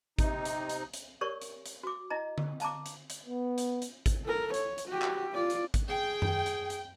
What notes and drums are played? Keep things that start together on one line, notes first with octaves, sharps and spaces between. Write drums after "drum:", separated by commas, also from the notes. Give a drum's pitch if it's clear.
C3 D#4, drum: kick G#1, hi-hat
drum: hi-hat
drum: hi-hat
drum: hi-hat
G4 A#4 C#5 D5 C#6
drum: hi-hat
drum: hi-hat
F#4 D6
E4 D#5 A#5
drum: tom D3
F5 A5 A#5 D6, drum: hi-hat
drum: hi-hat
drum: hi-hat
B3
drum: hi-hat
drum: hi-hat
drum: kick G#1, hi-hat
A4 A#4
C#5, drum: hi-hat
drum: hi-hat
F#4 G4
drum: clap
F4 D5
drum: hi-hat
drum: kick G#1, hi-hat
G#4 G5
drum: tom F#2
drum: hi-hat
drum: hi-hat